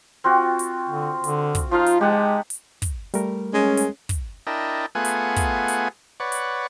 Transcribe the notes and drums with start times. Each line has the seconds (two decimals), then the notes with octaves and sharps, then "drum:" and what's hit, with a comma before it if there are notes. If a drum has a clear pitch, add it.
0.24 C4 F4 F#4
0.59 drum: hi-hat
0.89 D3
1.24 D3, drum: hi-hat
1.55 drum: kick, hi-hat
1.71 F3 D#4 F4 F5
1.86 drum: hi-hat
2.01 G#3 G4 F#5 A5
2.50 drum: hi-hat
2.82 drum: kick, hi-hat
3.14 G3 A3 A#4, drum: hi-hat
3.54 G#3 C#4
3.77 drum: hi-hat
4.09 drum: kick, hi-hat
4.47 D4 E4 A#4 D#5 G5 A5
4.95 A3 B3 F4 G#4 F#5 G#5
5.05 drum: hi-hat
5.36 drum: kick, hi-hat
5.68 drum: hi-hat
6.20 B4 C#5 D5 F#5
6.32 drum: hi-hat